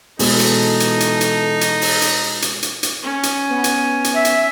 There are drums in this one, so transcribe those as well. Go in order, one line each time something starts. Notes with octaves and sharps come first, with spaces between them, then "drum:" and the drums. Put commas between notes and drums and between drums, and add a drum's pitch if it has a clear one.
B2 E3 G#3 B3 D#4 A4, drum: open hi-hat
drum: hi-hat
drum: hi-hat
drum: hi-hat
drum: hi-hat
drum: hi-hat
drum: open hi-hat
drum: hi-hat
drum: hi-hat
drum: hi-hat
drum: hi-hat
C#4
drum: hi-hat
B3
drum: hi-hat
drum: hi-hat
E5
drum: hi-hat